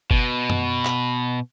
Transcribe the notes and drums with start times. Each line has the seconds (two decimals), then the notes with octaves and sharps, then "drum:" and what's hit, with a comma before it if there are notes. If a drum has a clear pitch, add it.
0.11 B2, drum: kick F#1
0.50 drum: tom F#2
0.85 drum: clap